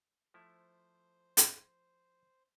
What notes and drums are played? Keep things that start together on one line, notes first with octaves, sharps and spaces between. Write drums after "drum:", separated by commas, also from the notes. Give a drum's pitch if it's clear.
F3 A3 E4 C5
drum: hi-hat